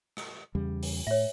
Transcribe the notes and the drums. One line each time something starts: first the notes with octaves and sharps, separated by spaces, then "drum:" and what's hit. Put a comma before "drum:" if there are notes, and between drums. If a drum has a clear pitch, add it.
drum: rim click
E2 C#3 G3
drum: open hi-hat
A2 C#5 E5